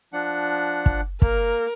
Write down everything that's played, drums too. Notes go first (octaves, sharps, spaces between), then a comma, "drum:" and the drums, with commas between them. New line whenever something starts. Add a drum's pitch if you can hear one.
F3 D4 F#5
drum: kick
A#3 A#4, drum: kick